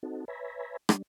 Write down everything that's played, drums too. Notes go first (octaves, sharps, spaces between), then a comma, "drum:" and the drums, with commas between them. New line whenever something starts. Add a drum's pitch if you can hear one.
C4 D#4 F#4 A4
B4 C#5 E5 G#5 A#5 B5
G3 D4, drum: rim click